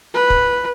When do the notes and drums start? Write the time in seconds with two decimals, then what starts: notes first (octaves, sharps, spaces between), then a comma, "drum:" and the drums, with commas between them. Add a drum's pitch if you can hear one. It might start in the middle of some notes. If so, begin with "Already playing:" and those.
0.14 B4
0.30 drum: kick